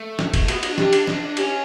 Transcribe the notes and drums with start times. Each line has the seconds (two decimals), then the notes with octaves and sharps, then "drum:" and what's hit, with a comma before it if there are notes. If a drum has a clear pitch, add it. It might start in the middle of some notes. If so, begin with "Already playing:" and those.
Already playing: A3
0.19 drum: snare
0.34 drum: kick F1, cymbal
0.48 B3 F#4, drum: cymbal
0.63 D4 F#4, drum: cymbal
0.78 G4, drum: snare
0.93 drum: cymbal
1.07 drum: snare
1.37 C#4 G4, drum: cymbal